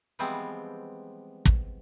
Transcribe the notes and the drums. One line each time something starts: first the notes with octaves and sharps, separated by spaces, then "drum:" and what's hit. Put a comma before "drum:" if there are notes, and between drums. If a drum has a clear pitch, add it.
E3 F3 G3 G#3 B3 C4
drum: kick